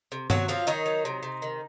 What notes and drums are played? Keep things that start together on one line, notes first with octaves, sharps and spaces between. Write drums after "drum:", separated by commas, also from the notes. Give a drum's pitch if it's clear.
C3
C3 F#3 F#4, drum: tom G2
F3 F#3 F4
D#3 F#3 D#4
F#3
C3
C3
D#3